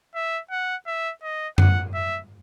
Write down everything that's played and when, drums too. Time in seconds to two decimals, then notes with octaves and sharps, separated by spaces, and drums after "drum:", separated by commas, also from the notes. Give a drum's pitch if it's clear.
0.15 E5
0.51 F#5
0.87 E5
1.23 D#5
1.58 F#5, drum: tom F#2
1.95 E5